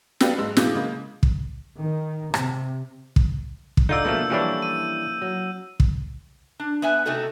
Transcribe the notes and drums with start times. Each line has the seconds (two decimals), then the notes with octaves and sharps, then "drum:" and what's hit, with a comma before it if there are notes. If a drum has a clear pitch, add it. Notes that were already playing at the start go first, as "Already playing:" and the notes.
0.20 G4 A4 B4 D5 F5, drum: snare
0.38 G#2 G#3 E6
0.57 B2 E4 F4 G#4 D6 G6, drum: snare
0.75 C#3 G#3 A#3
1.23 drum: kick
1.82 D#3
2.34 C3, drum: rim click
3.16 drum: kick
3.77 drum: kick
3.89 D3 D#4 F4 D5 E6 G6
4.05 B2 F3 A3 A#3 A4
4.30 E3 F3 G3 C#4 D4 E4
4.62 D#7
5.21 F#3
5.80 drum: kick
6.60 D4
6.82 B3 B4 E5 G#5
7.06 C3 A3 D#4 F#4 A4